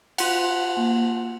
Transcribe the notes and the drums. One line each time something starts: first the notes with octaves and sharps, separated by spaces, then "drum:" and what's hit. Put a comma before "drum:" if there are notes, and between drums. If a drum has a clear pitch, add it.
F4 F#5, drum: cymbal
A#3